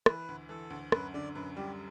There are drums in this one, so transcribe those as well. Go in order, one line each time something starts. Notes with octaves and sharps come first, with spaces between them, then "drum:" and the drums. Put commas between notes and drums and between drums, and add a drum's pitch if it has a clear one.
E3 B4, drum: rim click
D2
E3 A4
D2
F#2 B4, drum: rim click
D3 D5
F#2 B4
G3 G4